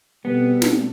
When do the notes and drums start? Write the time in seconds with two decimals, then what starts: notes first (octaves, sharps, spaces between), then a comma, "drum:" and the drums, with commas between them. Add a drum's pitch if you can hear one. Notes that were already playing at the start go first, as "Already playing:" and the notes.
0.25 B2 G3 B3 C4 A4
0.62 drum: snare